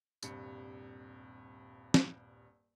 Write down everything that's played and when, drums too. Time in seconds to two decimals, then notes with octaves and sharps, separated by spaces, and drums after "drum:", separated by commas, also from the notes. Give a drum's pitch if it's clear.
0.22 D#1 G2 C3 C#7, drum: tambourine
1.94 drum: snare